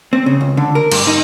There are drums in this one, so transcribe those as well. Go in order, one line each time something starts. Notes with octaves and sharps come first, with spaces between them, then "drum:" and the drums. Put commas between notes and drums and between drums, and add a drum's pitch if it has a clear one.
C4
C#3
C#2
D3
A#4
G2, drum: cymbal
D#4